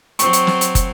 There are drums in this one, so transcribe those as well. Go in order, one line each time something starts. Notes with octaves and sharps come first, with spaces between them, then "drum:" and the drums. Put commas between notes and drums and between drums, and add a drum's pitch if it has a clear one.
F#3 C4 C#6, drum: hi-hat
drum: hi-hat
drum: snare
drum: hi-hat
drum: kick, hi-hat